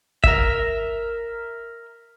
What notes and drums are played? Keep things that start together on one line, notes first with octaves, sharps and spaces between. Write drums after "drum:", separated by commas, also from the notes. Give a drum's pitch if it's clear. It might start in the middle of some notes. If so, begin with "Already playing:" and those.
A#4 E5, drum: kick G1